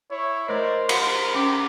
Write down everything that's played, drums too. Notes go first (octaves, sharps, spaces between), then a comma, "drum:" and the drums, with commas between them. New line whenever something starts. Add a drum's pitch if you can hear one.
E4 C#5
A3 A#4 C5 D5 D#5
F#4 A#4 F5 F#5 B5, drum: cymbal
C#4 G5 D6